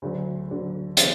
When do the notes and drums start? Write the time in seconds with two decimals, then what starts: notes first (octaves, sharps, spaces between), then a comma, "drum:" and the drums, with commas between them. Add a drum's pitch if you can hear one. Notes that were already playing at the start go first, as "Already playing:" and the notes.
0.02 D2 D3 F#3
0.50 D2 D3 F#3
0.97 C#3 E3 B3 D4, drum: hi-hat